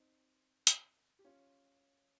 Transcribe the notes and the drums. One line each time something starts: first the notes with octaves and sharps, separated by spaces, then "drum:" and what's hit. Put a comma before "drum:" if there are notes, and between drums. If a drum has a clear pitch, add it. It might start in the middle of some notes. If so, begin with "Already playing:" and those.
Already playing: C4 D#4
drum: hi-hat
G4
C#4 F4